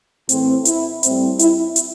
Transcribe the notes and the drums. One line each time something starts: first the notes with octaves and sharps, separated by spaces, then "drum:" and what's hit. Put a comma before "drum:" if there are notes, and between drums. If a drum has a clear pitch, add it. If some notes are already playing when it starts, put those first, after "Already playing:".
A2 E3 A3 C4, drum: hi-hat
E4, drum: hi-hat
A2 G3 C4, drum: hi-hat
E4, drum: hi-hat
drum: hi-hat